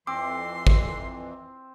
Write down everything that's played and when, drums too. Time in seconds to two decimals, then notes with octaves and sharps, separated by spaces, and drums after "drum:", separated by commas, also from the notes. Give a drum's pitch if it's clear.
0.07 F2 E3 C4 C6 D6
0.67 drum: kick